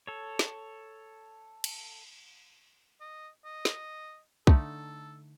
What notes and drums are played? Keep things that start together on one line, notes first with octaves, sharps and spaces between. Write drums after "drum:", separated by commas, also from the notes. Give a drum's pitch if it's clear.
A4 C#5
drum: snare
drum: cymbal
D#5
D#5
drum: snare
D3 A3 D#4 A4, drum: kick